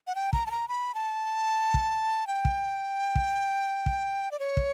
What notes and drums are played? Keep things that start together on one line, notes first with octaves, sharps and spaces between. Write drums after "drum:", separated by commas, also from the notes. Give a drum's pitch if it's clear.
F#5
G5
A#5, drum: kick
A5
A#5
B5
A5
drum: kick
G5
drum: kick
drum: kick
drum: kick
D5
C#5
drum: kick